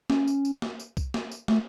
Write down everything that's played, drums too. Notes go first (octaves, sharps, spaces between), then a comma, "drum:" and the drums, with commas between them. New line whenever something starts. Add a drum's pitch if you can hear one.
C#4, drum: snare
drum: tambourine
drum: tambourine
drum: snare
drum: tambourine
drum: kick C2, tambourine
drum: snare
drum: tambourine
A3, drum: snare